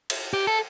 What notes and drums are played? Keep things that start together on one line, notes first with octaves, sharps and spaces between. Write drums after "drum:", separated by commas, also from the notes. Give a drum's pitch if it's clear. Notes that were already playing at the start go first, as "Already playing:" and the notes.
drum: cymbal
G4
A4